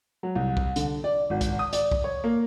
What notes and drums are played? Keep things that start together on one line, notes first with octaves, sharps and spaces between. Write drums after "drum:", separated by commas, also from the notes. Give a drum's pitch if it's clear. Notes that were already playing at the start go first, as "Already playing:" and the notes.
F#3
C2
drum: kick
D3, drum: hi-hat
D5
G#1
drum: kick, hi-hat
D#6
D5, drum: hi-hat
drum: kick
C#5
A#3